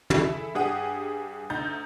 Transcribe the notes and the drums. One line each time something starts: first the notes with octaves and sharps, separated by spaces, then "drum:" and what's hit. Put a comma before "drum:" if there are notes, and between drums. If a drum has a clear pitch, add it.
E4 G#4 A4, drum: tom
G2 G4 G#4 F#5 D#6
D2 D#4 A#5 G6 A6